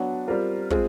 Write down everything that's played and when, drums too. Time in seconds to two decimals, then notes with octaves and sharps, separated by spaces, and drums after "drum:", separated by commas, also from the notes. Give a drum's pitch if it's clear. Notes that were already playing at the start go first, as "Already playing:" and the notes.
Already playing: F#3 B3 D4 F#4
0.28 G3 C4 F4 A#4
0.71 G#3 C4 F4 G#4, drum: kick